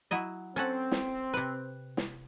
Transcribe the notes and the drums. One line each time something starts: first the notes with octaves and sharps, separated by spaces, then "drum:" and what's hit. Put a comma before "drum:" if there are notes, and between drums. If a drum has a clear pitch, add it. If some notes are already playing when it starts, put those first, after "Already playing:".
F#3 E4 D#5
C4 C#4 A4 F#5
drum: snare
C3 B4
drum: snare